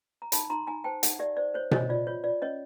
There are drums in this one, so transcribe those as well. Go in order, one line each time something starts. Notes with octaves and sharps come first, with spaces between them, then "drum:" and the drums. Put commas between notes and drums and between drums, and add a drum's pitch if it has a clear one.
A#5
D#4 A5 B5, drum: hi-hat
D#4 A#5 C6
D#4 G#5 A#5
C5 G5 A5
D#4 E5 F#5, drum: hi-hat
G4 D5 E5
C5 D5
C5 C#5
C5 C#5 D#5, drum: tom B2
F4 D5
F4 C#5
F4 D5
C#4 C#5 D#5